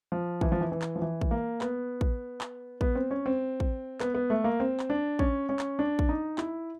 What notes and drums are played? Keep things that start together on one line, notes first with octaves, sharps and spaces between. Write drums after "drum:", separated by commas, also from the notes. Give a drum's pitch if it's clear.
F3
E3, drum: kick
F3
E3
E3
drum: clap
F3
E3
drum: kick
A#3
B3, drum: clap
drum: kick
drum: clap
B3, drum: kick
C4
C#4
C4
drum: kick
B3, drum: clap
B3
A3
A#3
C4
drum: clap
D4
C#4, drum: kick
C#4
drum: clap
D4
drum: kick
D#4
E4, drum: clap